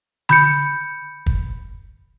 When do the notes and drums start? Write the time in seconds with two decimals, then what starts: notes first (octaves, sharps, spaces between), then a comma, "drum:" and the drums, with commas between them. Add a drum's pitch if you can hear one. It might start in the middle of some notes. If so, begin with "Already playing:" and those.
0.29 B5 G6 C#7, drum: tom D3
1.26 drum: kick